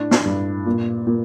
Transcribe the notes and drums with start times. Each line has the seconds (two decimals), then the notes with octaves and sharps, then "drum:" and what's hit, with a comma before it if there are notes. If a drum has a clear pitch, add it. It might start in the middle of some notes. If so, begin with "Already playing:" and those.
Already playing: A2 D4
0.11 drum: snare
0.25 G2
0.66 A#2
1.07 A#2